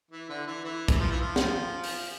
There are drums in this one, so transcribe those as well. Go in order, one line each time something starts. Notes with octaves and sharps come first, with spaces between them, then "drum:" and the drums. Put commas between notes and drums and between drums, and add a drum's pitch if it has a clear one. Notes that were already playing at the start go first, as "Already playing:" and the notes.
E3
D3
E3
E3
drum: kick, hi-hat
F3
E3
F3
drum: snare
drum: open hi-hat